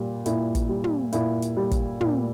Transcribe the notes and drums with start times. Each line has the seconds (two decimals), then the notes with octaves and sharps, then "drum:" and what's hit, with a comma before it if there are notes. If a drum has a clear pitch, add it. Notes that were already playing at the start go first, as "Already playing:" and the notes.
Already playing: A#2 G3
0.26 A#2 E4, drum: hi-hat
0.55 drum: kick, hi-hat
0.69 G3
0.84 drum: tom
1.12 A#2 E4, drum: hi-hat
1.42 drum: hi-hat
1.57 G3
1.71 drum: kick, hi-hat
2.01 A#2, drum: tom